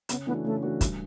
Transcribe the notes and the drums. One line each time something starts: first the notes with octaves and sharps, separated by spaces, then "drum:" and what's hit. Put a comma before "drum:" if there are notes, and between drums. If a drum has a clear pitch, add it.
C#3 B3, drum: hi-hat
E3 A3 B3 D4 F#4
C#3 A3
E3 A3 D4 F#4
G2, drum: kick, hi-hat